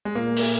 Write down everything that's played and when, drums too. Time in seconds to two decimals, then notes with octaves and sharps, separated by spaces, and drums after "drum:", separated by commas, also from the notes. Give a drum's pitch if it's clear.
0.05 G#3
0.15 A#2 A#3
0.36 drum: open hi-hat